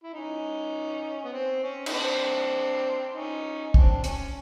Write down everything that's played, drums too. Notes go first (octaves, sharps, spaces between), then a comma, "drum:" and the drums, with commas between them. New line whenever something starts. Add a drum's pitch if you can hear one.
E4
C#4 D#4
B3
C4
C#4
D#4, drum: cymbal
C4 D4
C#4 D#4
C4 D4, drum: kick
C#4, drum: hi-hat